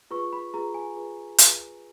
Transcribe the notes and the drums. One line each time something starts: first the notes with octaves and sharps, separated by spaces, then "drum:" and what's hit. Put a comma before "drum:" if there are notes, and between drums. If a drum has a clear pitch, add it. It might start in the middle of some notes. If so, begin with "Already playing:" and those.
F4 G#4 B4 C#6
B5
F4 G#4 B4 A#5
G#5
F4 G#4 B4
F4 G#4 B4, drum: hi-hat